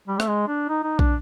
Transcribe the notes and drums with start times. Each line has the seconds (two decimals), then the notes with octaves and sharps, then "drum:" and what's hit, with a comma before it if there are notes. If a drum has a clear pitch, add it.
0.08 G3
0.20 A3, drum: rim click
0.27 G#3
0.48 D4
0.69 D#4
0.84 D#4
0.99 D4, drum: kick